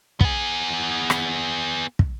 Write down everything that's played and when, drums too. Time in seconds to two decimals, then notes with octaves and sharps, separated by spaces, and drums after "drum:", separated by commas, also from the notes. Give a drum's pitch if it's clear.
0.21 B3 G#4, drum: kick
1.10 drum: rim click
1.99 drum: kick